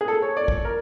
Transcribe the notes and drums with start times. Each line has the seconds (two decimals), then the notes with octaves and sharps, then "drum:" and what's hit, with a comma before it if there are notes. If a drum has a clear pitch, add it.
0.01 G#4
0.08 A4
0.22 C#5
0.37 D5
0.48 drum: kick
0.65 A#4